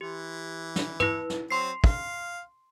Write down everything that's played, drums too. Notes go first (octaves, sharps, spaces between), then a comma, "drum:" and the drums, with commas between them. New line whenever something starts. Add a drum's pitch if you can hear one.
E3 G4
drum: snare
E4 B4, drum: tom
drum: snare
F#3 C4 C6 C7
F5, drum: kick